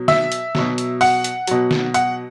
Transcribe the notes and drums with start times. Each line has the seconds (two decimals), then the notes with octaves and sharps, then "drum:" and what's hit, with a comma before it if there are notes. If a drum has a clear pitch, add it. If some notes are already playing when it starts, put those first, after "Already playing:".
Already playing: B2 F#3
0.08 E5, drum: snare
0.32 drum: hi-hat
0.55 B2 F#3, drum: snare
0.78 drum: hi-hat
1.01 F#5, drum: open hi-hat
1.24 drum: hi-hat
1.47 B2 F#3, drum: hi-hat
1.71 drum: snare
1.94 F#5, drum: hi-hat